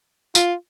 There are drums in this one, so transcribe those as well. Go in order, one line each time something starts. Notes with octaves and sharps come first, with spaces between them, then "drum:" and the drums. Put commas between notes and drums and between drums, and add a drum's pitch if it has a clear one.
F4, drum: tambourine